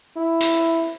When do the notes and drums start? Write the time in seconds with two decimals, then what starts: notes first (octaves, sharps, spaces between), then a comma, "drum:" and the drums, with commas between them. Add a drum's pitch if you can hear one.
0.16 E4
0.40 drum: hi-hat